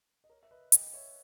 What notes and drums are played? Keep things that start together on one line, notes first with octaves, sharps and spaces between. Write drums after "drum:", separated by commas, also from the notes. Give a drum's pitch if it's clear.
D#5
A#4 C#5
E5
B4 D#5
D#5 G5, drum: hi-hat
C#5 E5